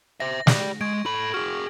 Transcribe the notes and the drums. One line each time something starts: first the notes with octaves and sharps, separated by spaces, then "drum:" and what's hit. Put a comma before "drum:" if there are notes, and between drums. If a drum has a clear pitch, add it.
C5 E5 A#6
G4 D5, drum: snare
G#3 C#6 G#6 D7
A4 B5 F#7
F#4 G#4 F6